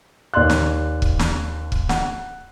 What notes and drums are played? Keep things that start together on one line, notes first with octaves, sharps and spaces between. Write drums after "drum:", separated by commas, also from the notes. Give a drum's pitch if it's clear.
D#2 D5 C6 F#6
drum: snare
drum: kick
drum: snare
drum: kick
F#5, drum: snare